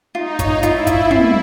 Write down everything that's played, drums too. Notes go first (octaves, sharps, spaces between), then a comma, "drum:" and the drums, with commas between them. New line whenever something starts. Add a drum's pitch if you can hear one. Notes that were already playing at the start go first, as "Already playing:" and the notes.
D#4 F4
C#5, drum: kick, hi-hat
E4 F4, drum: hi-hat
F4, drum: kick, hi-hat
E4 F4, drum: tom